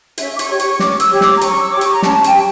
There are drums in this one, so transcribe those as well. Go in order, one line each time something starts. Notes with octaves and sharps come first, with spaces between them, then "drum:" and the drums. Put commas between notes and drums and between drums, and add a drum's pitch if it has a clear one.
C#4 E5, drum: hi-hat
D6
C#6, drum: hi-hat
G4 C#5
C#6, drum: hi-hat
C#4 D6, drum: snare
E6, drum: hi-hat
G4 C#5
D6, drum: snare
A#5
C#4 C#6, drum: hi-hat
E6
G4 C#5 D6
C#6, drum: hi-hat
A#5
C#4 A5, drum: snare
A5
G5, drum: hi-hat
G4